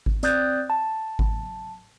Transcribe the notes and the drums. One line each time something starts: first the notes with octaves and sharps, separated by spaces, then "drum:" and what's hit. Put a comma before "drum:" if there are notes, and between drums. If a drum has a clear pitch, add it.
drum: kick G#1
C4 D5 D#6 F#6 G6 A6, drum: hi-hat
A5
drum: kick G#1